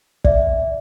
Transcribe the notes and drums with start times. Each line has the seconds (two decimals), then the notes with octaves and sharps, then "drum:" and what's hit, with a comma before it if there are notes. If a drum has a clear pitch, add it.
0.24 D5 E5, drum: kick